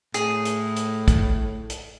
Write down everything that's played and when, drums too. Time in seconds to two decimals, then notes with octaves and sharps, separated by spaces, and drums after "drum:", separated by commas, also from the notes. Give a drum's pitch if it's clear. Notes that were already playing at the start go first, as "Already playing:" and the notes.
0.14 A2 G#4, drum: hi-hat
0.45 drum: hi-hat
0.77 drum: hi-hat
1.08 drum: kick, hi-hat
1.70 drum: hi-hat